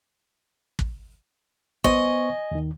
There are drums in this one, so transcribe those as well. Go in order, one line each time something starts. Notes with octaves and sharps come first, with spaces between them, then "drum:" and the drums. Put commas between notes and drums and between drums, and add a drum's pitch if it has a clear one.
drum: kick
B3 C5 D#5 G#5 C#6, drum: kick
D#2 D#3